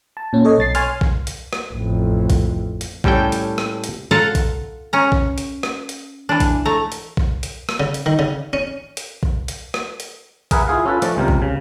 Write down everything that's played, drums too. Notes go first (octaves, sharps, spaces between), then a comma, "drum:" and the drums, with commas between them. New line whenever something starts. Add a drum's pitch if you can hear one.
A5
A#2 C#4
A4 C#5 D#5
B1 A6 C7
C#5 G#5 C6 F6, drum: hi-hat
drum: kick A#1
drum: hi-hat
drum: rim click
A1 F2
drum: kick A#1, hi-hat
drum: hi-hat
A2 G3 C#4 A4 G5, drum: kick A#1
drum: hi-hat
drum: rim click
drum: hi-hat
F4 A4 F5 F#5 A5 A#5
drum: kick A#1, hi-hat
C#4 A#5
drum: kick A#1
drum: hi-hat
drum: rim click
drum: hi-hat
E3 D4
drum: kick A#1, hi-hat
A3 A#5
drum: hi-hat
drum: kick A#1
drum: hi-hat
drum: rim click
C#3
drum: hi-hat
D#3
C#3
C#4
drum: hi-hat
drum: kick A#1
drum: hi-hat
drum: rim click
drum: hi-hat
G#4 A#4 B4 E5 F#5, drum: kick A#1, hi-hat
E4 F4 G#4 F5
C#4 F4 A4 B4
F3 A3 D5, drum: hi-hat
C#2 C3 G3 A#4
drum: kick A#1
C#3